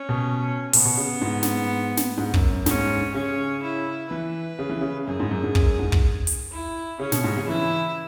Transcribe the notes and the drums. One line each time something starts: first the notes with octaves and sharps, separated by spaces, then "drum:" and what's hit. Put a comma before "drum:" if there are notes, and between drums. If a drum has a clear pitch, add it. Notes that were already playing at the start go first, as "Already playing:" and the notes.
Already playing: C#4
B2
B2 B3, drum: open hi-hat
B2
C#3
G#2
drum: snare
drum: snare
G#2
F#2, drum: kick
F#2
G#2 C#4, drum: snare
C#3 C#4
E4
E3 B4
C#3
E3
C#3
F#2 G#4
G#2
F#2
G#2
F#2, drum: kick
G#2
drum: kick
drum: hi-hat
E4
C#3 C#4
B2, drum: snare
G#2
C#3
E3 E4